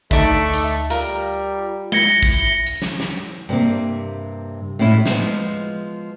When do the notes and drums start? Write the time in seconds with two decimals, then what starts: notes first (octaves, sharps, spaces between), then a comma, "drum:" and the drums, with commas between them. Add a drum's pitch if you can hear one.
0.11 D2 A3 D#4 A4 D5 E5, drum: kick
0.54 drum: hi-hat
0.90 G3 F4 A#4, drum: hi-hat
1.92 E4 A#6 C#7 G7, drum: tom G#3
2.23 drum: kick
2.66 drum: hi-hat
2.82 drum: snare
3.00 drum: snare
3.49 G2 C3 A#3
4.79 A2 G#3 C#4 E4
5.06 F3 G#3 B3, drum: snare